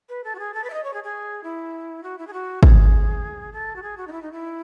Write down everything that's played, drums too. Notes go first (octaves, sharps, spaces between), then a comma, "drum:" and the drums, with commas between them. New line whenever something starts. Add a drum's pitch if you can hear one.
B4
A4
F#4
G#4
A4
B4
E5
D#5
C#5
G#4
G#4
E4
F#4
E4
G#4
F#4
G#4, drum: kick
A4
F#4
G#4
F#4
D#4
E4
D#4
E4